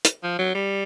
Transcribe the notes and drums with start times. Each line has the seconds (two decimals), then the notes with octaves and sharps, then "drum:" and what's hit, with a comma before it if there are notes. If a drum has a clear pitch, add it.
0.05 drum: hi-hat
0.24 F3
0.39 F#3
0.55 G3